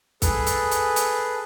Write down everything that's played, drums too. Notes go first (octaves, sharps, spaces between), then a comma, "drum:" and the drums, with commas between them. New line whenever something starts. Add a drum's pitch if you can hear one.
G#4 A4 B4, drum: kick, hi-hat
drum: hi-hat
drum: hi-hat
drum: hi-hat